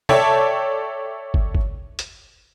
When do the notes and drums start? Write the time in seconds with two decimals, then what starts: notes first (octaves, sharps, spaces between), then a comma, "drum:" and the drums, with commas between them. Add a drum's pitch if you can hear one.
0.09 A4 C#5 D5 E5 G5 A5, drum: tom
1.34 drum: kick
1.55 drum: kick
1.99 drum: hi-hat